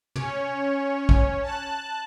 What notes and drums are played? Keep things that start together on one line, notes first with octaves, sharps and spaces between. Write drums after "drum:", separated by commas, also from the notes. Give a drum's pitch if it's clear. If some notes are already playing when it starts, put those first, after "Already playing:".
C#4 C#5, drum: tom
drum: kick
A5 F#6